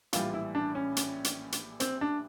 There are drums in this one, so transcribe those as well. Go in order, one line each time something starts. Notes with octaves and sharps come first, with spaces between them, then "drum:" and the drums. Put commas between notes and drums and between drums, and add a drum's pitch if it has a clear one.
A#1 A2 E3 G3 F4, drum: hi-hat
E4
D4
C#4
drum: hi-hat
drum: hi-hat
drum: hi-hat
C4, drum: hi-hat
D4